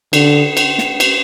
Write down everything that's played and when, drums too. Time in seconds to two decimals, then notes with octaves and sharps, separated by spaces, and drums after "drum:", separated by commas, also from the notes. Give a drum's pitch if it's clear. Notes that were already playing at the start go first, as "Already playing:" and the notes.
0.13 D3, drum: cymbal
0.57 drum: cymbal
0.78 drum: snare
1.00 drum: cymbal